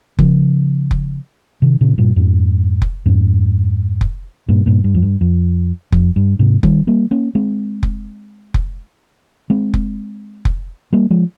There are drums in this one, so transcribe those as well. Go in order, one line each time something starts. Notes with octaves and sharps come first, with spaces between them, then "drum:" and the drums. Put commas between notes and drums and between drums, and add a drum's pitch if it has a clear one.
C#3 F3, drum: kick F1
drum: kick F1
C3 D#3
A#2 C#3
G2 A#2
F2 G#2
drum: kick F1
F2 G#2
drum: kick F1
G2 A#2
G2 A#2
G2
F2
G2
F2
F2, drum: kick F1
G2
G#2 C3
D#3 G3, drum: kick F1
G3 A#3
A#3 C#4
G#3 C4
drum: kick F1
drum: kick F1
G#3 C4
drum: kick F1
drum: kick F1
G3 A#3
F3 G#3